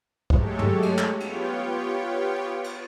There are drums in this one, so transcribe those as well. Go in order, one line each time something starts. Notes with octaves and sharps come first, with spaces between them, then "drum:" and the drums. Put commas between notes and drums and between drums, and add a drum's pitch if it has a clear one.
F#3 G#3 A3 G4 A4 C#5, drum: kick
drum: tom
drum: cymbal
drum: clap
B3 F4 G4 C#5 G5, drum: cymbal
drum: cymbal